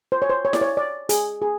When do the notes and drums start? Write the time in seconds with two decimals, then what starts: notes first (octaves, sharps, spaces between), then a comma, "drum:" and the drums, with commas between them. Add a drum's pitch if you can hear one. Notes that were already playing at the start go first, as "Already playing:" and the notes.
0.12 C5
0.22 C#5
0.29 C5
0.45 C#5
0.53 D5, drum: snare E4
0.61 C#5
0.77 D5
1.09 G#4, drum: hi-hat
1.42 G#4